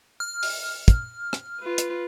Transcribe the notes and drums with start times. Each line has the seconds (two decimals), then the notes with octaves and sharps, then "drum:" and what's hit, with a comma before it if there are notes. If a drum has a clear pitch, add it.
0.20 F6
0.43 drum: open hi-hat
0.88 drum: kick, hi-hat
1.33 drum: rim click
1.61 F4 B4
1.78 drum: hi-hat